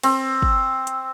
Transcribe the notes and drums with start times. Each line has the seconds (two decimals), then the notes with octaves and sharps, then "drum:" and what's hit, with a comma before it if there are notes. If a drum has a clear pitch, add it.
0.03 C4, drum: cymbal
0.42 drum: kick
0.87 drum: hi-hat